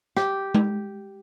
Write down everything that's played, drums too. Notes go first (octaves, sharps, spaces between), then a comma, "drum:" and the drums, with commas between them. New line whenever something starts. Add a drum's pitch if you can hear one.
G4, drum: rim click
drum: tom G#3